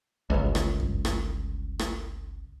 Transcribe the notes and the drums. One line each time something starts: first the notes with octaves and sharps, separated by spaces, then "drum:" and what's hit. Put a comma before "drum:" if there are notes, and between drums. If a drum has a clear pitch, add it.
G1 C#2
drum: rim click
drum: kick F#2
drum: rim click
drum: rim click